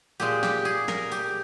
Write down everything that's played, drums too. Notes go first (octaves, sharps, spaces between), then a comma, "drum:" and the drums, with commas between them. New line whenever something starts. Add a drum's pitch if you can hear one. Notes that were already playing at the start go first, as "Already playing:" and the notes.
A#2 G#3 G4, drum: tambourine
G4, drum: snare
G#4, drum: tambourine
A#4, drum: snare
G4, drum: tambourine